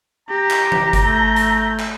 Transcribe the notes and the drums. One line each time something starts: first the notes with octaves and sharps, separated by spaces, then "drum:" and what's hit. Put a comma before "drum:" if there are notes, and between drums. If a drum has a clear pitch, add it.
G4 A#5
drum: clap
drum: tom E3
drum: kick F#1, hi-hat
A3 G6
drum: hi-hat
drum: clap